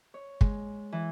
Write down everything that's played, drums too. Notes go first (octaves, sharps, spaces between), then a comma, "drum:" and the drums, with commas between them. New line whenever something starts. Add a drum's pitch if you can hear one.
C#5
G#3, drum: kick
E3